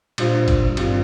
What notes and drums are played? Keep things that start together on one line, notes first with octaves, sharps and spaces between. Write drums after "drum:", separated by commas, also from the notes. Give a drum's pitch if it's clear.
A#2 G3 D4 F4 C5, drum: cymbal
drum: kick G1, cymbal
G2 D#3 G3 C4 F4, drum: cymbal